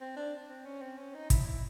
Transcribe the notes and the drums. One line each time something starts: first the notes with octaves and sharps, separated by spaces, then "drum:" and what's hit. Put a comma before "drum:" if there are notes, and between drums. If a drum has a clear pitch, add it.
C4
D4
C4
C#4
C4
C#4
D#4
E4, drum: kick, hi-hat
E4